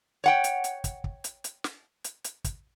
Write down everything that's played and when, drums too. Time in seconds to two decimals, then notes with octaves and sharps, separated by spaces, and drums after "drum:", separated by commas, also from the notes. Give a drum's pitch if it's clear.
0.24 C#5 F#5 G5
0.44 drum: hi-hat
0.64 drum: hi-hat
0.84 drum: kick, hi-hat
1.04 drum: kick
1.24 drum: hi-hat
1.44 drum: hi-hat
1.64 drum: snare
2.04 drum: hi-hat
2.24 drum: hi-hat
2.44 drum: kick, hi-hat